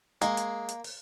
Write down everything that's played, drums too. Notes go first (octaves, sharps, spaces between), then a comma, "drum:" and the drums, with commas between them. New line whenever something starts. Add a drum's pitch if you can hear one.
G#3 A#3, drum: hi-hat
drum: hi-hat
drum: hi-hat
drum: open hi-hat